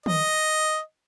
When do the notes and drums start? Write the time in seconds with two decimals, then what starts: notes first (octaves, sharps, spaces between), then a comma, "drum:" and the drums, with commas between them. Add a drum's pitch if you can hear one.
0.06 D#5, drum: tom